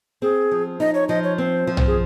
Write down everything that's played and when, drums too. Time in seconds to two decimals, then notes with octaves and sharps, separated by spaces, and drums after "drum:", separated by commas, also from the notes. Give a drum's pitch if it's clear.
0.22 C4 G#4
0.51 F3
0.80 D#4 D#5
0.94 C#5
1.09 F3 D#5
1.24 C#5
1.38 C4 C5
1.67 F3
1.77 drum: tom B1
1.87 G#4